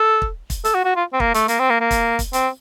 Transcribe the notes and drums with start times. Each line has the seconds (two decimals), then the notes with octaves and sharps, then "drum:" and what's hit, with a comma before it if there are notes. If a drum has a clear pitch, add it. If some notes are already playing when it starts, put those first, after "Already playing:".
Already playing: A4
0.22 drum: kick
0.50 drum: kick, hi-hat
0.64 A4, drum: hi-hat
0.74 F#4
0.85 F#4
0.96 F4
1.13 C4
1.20 A#3, drum: kick
1.34 A3, drum: hi-hat
1.48 A#3, drum: hi-hat
1.59 C4
1.70 A#3
1.80 A#3
1.91 drum: kick, hi-hat
2.19 drum: kick, hi-hat
2.33 C4, drum: hi-hat